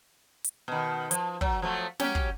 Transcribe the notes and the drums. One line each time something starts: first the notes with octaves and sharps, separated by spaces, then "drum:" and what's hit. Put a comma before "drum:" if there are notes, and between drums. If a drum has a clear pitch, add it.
drum: hi-hat
B2 D#3
F3, drum: hi-hat
F#3, drum: kick
F3 F#3 A3
F#3 C#4 G4, drum: snare
drum: kick